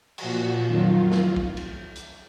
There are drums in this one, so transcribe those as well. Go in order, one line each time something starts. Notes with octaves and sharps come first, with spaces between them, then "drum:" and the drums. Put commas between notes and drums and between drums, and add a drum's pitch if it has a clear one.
A#2 F3 F#4, drum: cymbal
F2 D#3 F#3 F4
drum: snare
drum: kick
drum: cymbal
drum: hi-hat